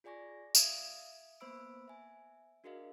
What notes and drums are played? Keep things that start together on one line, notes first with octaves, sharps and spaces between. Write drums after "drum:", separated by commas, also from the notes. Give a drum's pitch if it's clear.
F4 G#4 D5 G#5 C#6 A#6
E5 F5 D#6 G#6, drum: tambourine
A#3 B3 C5 B5 E6 D7
E5 G#5
D4 F#4 G#4 A#4 D#5 F5